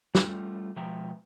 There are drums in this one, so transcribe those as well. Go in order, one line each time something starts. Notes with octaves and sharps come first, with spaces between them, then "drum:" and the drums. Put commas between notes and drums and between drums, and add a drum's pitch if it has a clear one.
G3 A3 B3 C#4 F4, drum: snare
B2 F3 G#3 E5 G5 A#5